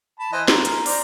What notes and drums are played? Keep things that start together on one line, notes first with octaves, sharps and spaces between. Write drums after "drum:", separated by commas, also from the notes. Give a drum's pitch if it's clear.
A5 B5
E3 C5 D#5
C5 A#5, drum: snare
A#4, drum: hi-hat
C5 D5 A#5, drum: open hi-hat